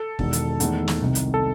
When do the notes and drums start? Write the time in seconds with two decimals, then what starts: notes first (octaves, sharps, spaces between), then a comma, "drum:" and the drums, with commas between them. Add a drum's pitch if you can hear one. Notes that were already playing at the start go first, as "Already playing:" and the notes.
Already playing: A4
0.19 E1 E2 D#3, drum: kick
0.33 drum: hi-hat
0.60 E2 D#3 A3, drum: hi-hat
0.88 drum: snare
1.02 C2 C3 D#3
1.15 drum: hi-hat
1.34 A4